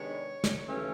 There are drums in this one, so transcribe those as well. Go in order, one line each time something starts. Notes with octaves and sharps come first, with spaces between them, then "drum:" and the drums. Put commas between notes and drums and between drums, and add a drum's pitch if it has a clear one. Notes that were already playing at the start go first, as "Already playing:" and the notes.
Already playing: C3 D#3 G#3 B3 D4 C#5
drum: snare
D#2 C#3 E3 A3 C#4